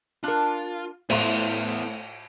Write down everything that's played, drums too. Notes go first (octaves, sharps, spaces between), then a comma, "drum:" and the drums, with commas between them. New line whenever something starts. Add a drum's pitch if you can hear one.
D4 F4 A#4
A2 B3 E4 C5 E5 F5 C6, drum: cymbal